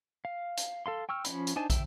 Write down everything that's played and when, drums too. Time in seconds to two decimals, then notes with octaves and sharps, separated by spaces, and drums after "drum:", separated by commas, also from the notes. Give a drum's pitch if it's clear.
0.25 F5
0.57 drum: hi-hat
0.86 A4 F5 C6
1.09 G5 C#6 E6 F6
1.25 F3 C#4 B5, drum: hi-hat
1.47 drum: hi-hat
1.56 D4 D#4 C5 G#5 A5
1.70 E5 G5, drum: kick, hi-hat